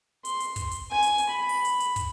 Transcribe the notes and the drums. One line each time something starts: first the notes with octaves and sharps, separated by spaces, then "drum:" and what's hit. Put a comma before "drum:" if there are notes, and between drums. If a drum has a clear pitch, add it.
C6, drum: hi-hat
drum: hi-hat
drum: kick, hi-hat
drum: hi-hat
G#5
drum: hi-hat
drum: hi-hat
B5
drum: open hi-hat
drum: hi-hat
drum: hi-hat
drum: kick, hi-hat